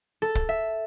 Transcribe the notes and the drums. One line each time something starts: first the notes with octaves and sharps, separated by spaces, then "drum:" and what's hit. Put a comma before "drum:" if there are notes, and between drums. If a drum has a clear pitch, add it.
A4
drum: kick
E5